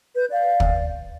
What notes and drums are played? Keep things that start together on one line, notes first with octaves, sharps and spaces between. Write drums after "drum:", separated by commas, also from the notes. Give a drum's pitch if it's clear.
B4 G6
D5 F5
drum: kick